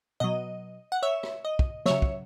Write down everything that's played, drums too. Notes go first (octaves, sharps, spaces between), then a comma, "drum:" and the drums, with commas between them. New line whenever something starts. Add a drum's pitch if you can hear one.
B2 F#3 D#5
F#5
C#5 E5
drum: rim click
D#5
drum: kick
C#3 F#3 C#5 E5, drum: snare
drum: kick